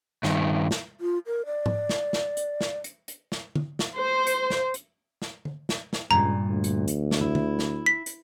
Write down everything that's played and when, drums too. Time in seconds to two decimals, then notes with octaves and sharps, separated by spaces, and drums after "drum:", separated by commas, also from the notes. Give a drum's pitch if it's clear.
0.23 G2 D#3, drum: snare
0.71 drum: snare
1.01 F4
1.26 A#4
1.46 D5
1.66 drum: tom G#2
1.89 drum: snare
2.13 drum: snare
2.37 drum: hi-hat
2.61 drum: snare
2.84 drum: hi-hat
3.08 drum: hi-hat
3.32 drum: snare
3.55 drum: tom
3.79 drum: snare
3.99 C5
4.27 drum: hi-hat
4.50 drum: snare
4.74 drum: hi-hat
5.22 drum: snare
5.45 drum: tom D3
5.69 drum: snare
5.93 drum: snare
6.11 C#2 G2 A#2 A#5
6.48 D2
6.64 drum: hi-hat
6.88 drum: hi-hat
7.11 drum: snare
7.21 E4
7.35 drum: tom
7.59 drum: snare
7.86 B6
8.06 drum: hi-hat